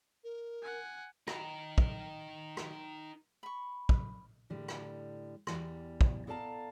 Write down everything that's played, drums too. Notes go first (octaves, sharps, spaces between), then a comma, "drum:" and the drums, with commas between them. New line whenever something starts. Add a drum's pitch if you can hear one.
A#4
F#5 G#5
D#4 A#4, drum: rim click
drum: kick
drum: rim click
B5 C#6
drum: kick
A2 D3 G3
drum: rim click
E2 G3, drum: rim click
drum: kick
B3 A4 D5 F5 A5 A#5